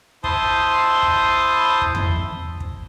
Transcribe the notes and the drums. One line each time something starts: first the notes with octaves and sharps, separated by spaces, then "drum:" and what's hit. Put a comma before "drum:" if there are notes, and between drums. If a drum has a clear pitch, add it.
E4 C5 A5 C6 D#6, drum: kick
drum: kick
drum: kick
drum: tom E2
drum: kick